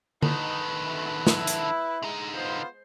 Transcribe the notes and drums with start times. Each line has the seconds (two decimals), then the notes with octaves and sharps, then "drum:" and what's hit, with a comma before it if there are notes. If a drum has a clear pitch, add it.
0.22 D3 D#3 D#4 B4, drum: tom D3
0.85 B2 A3
1.27 E4, drum: snare
1.47 drum: hi-hat
2.03 D3 G#3 D#4
2.35 B3 F4 C5